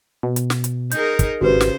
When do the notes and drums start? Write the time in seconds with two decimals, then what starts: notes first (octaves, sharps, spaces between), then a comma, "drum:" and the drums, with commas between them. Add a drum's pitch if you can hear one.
0.23 B2
0.36 drum: hi-hat
0.50 drum: snare
0.64 drum: hi-hat
0.91 D#4 G#4 A#4 G6, drum: hi-hat
1.19 drum: kick, hi-hat
1.41 G#1 C#3 F#4 G4 B4 C5
1.61 drum: snare